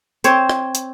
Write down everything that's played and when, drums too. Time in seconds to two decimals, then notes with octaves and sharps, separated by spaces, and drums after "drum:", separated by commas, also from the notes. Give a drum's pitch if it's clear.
0.24 C4 C5 C#5, drum: hi-hat
0.49 drum: rim click
0.75 drum: hi-hat